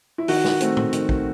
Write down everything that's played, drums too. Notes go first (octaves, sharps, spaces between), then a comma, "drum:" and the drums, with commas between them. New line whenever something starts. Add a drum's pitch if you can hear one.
E4
D#3 F#4, drum: open hi-hat
drum: snare
A3 C4, drum: hi-hat
drum: tom A2
D#3, drum: hi-hat
drum: kick